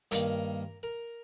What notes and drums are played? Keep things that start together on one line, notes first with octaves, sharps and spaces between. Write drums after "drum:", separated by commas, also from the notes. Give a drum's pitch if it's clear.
G2 D#3 A#3 A#4, drum: hi-hat
A#4